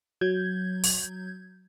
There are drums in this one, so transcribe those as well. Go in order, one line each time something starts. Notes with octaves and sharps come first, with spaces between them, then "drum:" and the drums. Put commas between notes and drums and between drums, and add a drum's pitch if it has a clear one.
F#3 G6 G#6
drum: open hi-hat